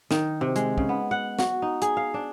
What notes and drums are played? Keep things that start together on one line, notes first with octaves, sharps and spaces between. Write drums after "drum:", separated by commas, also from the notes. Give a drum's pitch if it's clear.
D#3, drum: snare
C3
G#3, drum: hi-hat
C#3, drum: kick
B3
F#5
F#4, drum: snare
D#4
G#4, drum: hi-hat
F5
D4